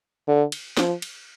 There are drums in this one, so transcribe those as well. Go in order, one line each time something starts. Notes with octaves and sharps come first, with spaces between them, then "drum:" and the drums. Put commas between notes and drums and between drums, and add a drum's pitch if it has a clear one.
D3
drum: cymbal
F3, drum: snare
drum: cymbal